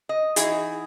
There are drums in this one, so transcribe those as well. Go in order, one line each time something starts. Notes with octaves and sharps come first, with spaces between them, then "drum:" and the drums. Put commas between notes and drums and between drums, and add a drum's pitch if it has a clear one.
D#5
E3 D#4 E4 F#4 G#4, drum: hi-hat